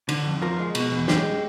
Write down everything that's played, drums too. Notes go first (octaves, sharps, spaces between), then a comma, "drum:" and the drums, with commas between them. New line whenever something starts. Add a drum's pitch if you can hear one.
D3, drum: cymbal
F2
F3 A#4
G#3
B2, drum: cymbal
E2
G#3 G4, drum: snare